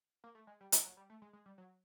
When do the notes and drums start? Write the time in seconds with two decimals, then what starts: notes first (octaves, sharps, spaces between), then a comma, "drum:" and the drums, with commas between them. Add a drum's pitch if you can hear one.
0.24 A#3
0.35 A3
0.47 G#3
0.61 G3
0.72 F3, drum: hi-hat
0.85 F#3
0.97 G3
1.10 A3
1.22 G#3
1.33 G#3
1.46 G3
1.58 F#3